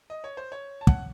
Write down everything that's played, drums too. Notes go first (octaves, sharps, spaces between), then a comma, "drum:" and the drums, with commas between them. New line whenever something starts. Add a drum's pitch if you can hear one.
D#5
C#5
C5
C#5
A5
F#5, drum: kick